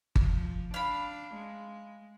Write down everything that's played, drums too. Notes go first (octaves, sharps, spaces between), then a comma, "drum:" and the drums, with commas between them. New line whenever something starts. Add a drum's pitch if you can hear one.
F3, drum: kick G1
D4 F5 B5
G#3